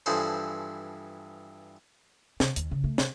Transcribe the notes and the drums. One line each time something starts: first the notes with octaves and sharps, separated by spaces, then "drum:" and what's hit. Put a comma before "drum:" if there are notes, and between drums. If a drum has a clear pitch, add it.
G2 E3 F3 G#4 A4 C5
C3, drum: snare
D#2, drum: hi-hat
C#3
A3
C3, drum: snare